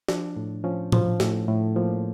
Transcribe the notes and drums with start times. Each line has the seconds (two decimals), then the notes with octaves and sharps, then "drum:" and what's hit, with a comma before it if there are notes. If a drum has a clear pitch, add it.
0.09 F3 D4, drum: snare
0.36 A2
0.64 F3 C#4
0.92 F3, drum: tom A2
1.20 A2, drum: snare
1.48 A2
1.76 F3 A#3